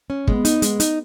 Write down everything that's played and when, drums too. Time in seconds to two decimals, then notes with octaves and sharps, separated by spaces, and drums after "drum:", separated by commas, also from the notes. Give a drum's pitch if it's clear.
0.10 C#4
0.27 G#3 B3, drum: kick
0.45 D#4, drum: hi-hat
0.62 G#3, drum: hi-hat
0.80 D#4, drum: hi-hat